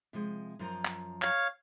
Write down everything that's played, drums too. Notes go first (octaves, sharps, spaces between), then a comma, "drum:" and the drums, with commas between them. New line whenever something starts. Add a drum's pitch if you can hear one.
C3 F3 G#3
F#2 F3 A#5
drum: clap
C#5 F5, drum: clap